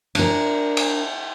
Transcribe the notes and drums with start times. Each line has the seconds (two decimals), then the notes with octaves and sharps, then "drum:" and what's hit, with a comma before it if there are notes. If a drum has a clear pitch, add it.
0.15 D4 A#4, drum: cymbal
0.77 drum: cymbal